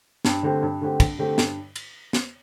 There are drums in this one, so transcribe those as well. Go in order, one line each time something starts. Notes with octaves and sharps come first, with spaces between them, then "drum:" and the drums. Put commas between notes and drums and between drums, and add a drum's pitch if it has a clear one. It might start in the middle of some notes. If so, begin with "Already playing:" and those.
G2, drum: snare
D3 A3 C4 G4
G2
D3 A3 C4 G4
G2, drum: kick, cymbal
D3 A3 C4 G4
G2, drum: snare
drum: cymbal
drum: snare